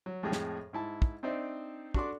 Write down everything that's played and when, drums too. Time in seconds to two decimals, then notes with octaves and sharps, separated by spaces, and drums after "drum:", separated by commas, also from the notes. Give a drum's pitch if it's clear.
0.06 F#3
0.23 F2 A2 G#3 G#4 G5
0.32 drum: snare
0.73 G#2 E4 A5
1.02 drum: kick
1.23 C4 D4 D#4 C5 D5 E5
1.94 D4 F#4 A4 C6 D6, drum: kick